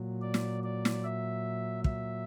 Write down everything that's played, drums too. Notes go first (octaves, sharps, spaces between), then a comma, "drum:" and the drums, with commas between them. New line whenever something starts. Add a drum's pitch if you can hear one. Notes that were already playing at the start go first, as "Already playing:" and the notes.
Already playing: A#2 F#3
D5
drum: snare
D5
drum: snare
E5
E5, drum: kick